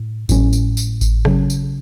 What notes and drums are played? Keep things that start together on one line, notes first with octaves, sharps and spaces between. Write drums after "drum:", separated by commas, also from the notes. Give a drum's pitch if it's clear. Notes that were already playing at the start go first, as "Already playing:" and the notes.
Already playing: A2
A2 F#3 C#4, drum: kick G#1, tambourine
drum: tambourine
drum: tambourine
drum: kick G#1, tambourine
C#3 F#3 C#4, drum: rim click
drum: tambourine